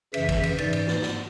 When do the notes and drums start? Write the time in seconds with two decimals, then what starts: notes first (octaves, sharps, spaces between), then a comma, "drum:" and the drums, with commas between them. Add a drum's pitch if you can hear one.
0.14 F#2 C#3 E3 E5, drum: cymbal
0.29 drum: kick, cymbal
0.43 drum: cymbal
0.58 G#2 E3 D5, drum: cymbal
0.73 drum: cymbal
0.87 drum: snare
1.02 drum: snare